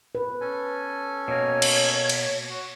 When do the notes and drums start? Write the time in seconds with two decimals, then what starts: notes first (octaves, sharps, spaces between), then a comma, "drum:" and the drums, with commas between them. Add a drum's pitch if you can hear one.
0.15 B4
0.41 C#4 A4 G#5
1.28 B2 A#3 C#5
1.62 drum: cymbal
2.09 drum: cymbal
2.49 F#4